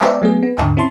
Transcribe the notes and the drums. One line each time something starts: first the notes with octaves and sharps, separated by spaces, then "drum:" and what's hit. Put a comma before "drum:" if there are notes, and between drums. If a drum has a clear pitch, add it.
G#3 B3 C5 D5 E5, drum: clap
F#3 A3 B3 G#4
B3
D#2 G#2 D3, drum: clap
C4 C#4 E4 A5 C6